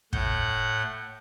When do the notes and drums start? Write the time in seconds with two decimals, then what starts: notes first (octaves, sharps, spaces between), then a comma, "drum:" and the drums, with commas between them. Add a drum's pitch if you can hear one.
0.13 A2 F#5 G6, drum: kick